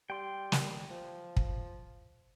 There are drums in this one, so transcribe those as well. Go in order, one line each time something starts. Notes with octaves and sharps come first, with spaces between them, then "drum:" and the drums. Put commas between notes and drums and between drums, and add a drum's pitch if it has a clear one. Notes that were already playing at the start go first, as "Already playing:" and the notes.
G3 G5 C6
drum: snare
F3
drum: kick